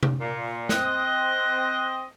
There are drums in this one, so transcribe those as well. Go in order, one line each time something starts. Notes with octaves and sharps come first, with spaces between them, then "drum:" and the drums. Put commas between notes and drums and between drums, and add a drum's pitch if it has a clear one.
drum: tom C3
A#2
C4 D#5 F#6, drum: snare